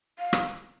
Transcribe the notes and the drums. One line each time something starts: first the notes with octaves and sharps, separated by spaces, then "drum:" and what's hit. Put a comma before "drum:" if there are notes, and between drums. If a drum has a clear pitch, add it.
F5
drum: rim click